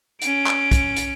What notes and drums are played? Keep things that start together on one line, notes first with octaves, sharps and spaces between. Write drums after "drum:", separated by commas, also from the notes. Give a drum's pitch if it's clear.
C#4 D7, drum: hi-hat
drum: clap
drum: kick, hi-hat
drum: hi-hat